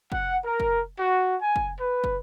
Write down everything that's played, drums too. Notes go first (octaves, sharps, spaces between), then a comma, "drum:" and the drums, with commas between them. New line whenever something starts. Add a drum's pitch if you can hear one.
F#5, drum: kick
A#4
drum: kick
F#4
G#5
drum: kick
B4
drum: kick